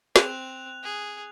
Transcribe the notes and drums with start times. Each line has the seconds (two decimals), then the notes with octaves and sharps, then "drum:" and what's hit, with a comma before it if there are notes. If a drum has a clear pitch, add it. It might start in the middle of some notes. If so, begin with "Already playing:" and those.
0.16 C4 F#6 F7, drum: snare
0.83 G#4